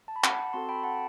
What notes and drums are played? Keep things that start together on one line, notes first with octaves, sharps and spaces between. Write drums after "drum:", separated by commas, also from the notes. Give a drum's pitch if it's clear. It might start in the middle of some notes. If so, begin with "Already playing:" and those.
A5
B5
F#5 A5, drum: clap
C4 F#4 A4 A5 C6
G5 B5
F#5 A5